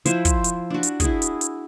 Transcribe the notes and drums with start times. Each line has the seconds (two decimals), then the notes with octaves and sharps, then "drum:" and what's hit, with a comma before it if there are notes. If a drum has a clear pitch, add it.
0.05 F3 E4 C5, drum: hi-hat
0.25 drum: kick, hi-hat
0.44 drum: hi-hat
0.70 D4 F#4
0.83 drum: hi-hat
1.00 E4 F#4 G#4, drum: kick, hi-hat
1.22 drum: hi-hat
1.41 drum: hi-hat